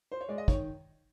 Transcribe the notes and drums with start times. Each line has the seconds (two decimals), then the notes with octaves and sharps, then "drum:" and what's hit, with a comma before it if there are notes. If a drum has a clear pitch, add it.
0.12 C5
0.21 C#5
0.29 G#3 D5
0.38 D#5
0.48 D#3 C#5, drum: kick